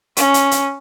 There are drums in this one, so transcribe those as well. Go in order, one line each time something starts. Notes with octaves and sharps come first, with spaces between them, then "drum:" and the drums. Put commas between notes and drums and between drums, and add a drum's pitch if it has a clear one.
C#4, drum: hi-hat
drum: hi-hat
drum: hi-hat